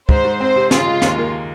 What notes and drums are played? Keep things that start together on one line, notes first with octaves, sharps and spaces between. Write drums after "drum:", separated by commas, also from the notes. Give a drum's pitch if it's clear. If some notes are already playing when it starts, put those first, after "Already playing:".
G#2 C5, drum: kick
G#2
C4 C5
C3
C#3 F4, drum: snare
G#3
D#2, drum: snare
A#3